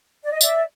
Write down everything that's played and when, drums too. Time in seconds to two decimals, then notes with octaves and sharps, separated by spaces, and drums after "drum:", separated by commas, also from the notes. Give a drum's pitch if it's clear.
0.23 D5
0.32 D#5
0.41 D5 E5, drum: tambourine